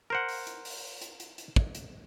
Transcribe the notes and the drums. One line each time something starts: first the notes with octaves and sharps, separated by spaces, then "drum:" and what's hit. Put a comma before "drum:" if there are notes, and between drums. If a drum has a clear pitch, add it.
A#4 C5 F#5
drum: open hi-hat
drum: hi-hat
drum: open hi-hat
drum: hi-hat
drum: hi-hat
drum: hi-hat
drum: kick
drum: hi-hat